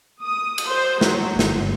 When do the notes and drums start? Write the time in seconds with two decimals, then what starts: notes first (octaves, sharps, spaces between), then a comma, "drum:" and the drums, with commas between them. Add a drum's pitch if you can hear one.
0.22 D#6
0.58 drum: cymbal
0.67 C5
1.01 F#3, drum: snare
1.39 G1, drum: snare